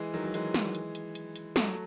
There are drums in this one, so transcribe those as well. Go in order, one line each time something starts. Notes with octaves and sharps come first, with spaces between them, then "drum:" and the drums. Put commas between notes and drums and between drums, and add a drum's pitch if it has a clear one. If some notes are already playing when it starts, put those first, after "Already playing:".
Already playing: E3 G#3
D#3 F#3
F#3
E3 G#3, drum: hi-hat
drum: snare
drum: hi-hat
drum: hi-hat
drum: hi-hat
drum: hi-hat
F#3 A3, drum: snare